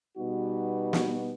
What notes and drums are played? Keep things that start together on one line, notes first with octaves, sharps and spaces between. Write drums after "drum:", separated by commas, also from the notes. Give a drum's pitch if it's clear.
B2 G3 B3 D#4 F#4
drum: snare